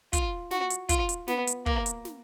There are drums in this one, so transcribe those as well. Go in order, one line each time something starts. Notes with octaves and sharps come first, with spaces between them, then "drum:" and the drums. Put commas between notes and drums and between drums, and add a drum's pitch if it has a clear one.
F4, drum: kick, hi-hat
F#4, drum: snare
drum: hi-hat
F4, drum: kick, hi-hat
drum: hi-hat
B3, drum: snare
drum: hi-hat
A#3, drum: kick
drum: hi-hat
drum: snare